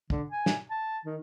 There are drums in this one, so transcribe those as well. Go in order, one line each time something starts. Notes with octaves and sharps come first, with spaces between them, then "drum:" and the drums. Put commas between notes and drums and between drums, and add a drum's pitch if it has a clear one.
D3, drum: kick
G#5
drum: snare
A5
D#3